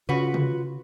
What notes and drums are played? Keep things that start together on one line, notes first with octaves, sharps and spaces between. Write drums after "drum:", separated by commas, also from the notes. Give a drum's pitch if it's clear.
C#3 F4 F#4 B4
drum: tom C3